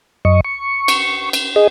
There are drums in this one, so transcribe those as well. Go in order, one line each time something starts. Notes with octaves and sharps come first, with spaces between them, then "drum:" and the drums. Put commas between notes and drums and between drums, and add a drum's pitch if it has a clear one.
F#2 D#5 C#6
C#6
drum: cymbal
drum: cymbal
G#4 D#5